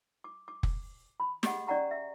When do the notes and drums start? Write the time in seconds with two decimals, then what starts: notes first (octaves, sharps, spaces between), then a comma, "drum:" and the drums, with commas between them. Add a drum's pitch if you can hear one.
0.24 D6
0.48 D6
0.63 drum: kick F1
1.20 B5
1.43 G4 G#4 D#5 F#5, drum: snare
1.67 C#4 D5 D#5 F#5 A#5 C#6
1.91 E5